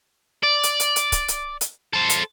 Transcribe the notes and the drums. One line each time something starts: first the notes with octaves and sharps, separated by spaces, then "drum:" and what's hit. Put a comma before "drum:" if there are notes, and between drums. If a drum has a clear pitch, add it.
D5
drum: hi-hat
drum: hi-hat
drum: hi-hat
drum: kick C#1, hi-hat
drum: hi-hat
drum: hi-hat
A4 C5
drum: hi-hat